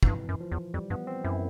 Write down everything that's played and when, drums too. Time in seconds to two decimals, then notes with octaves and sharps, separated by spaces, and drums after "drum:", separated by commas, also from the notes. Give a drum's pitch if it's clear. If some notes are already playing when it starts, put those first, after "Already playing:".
0.03 G#2, drum: kick
0.07 G2 E3
0.29 F#2
0.40 F3
0.52 E2
0.74 F2 G3
0.90 G2 B3
1.07 C4
1.24 F#2 E4